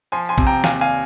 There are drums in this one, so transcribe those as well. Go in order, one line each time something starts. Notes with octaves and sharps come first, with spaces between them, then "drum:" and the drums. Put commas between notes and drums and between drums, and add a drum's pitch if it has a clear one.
F3 G#5 C6
G#5 C6
C3, drum: kick
G5 A#5
D#2 F5 G#5, drum: snare
F5 G#5